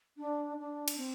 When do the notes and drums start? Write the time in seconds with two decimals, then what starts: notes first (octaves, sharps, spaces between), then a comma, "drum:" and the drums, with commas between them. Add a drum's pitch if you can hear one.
0.17 D4
0.57 D4
0.88 drum: cymbal
0.97 C4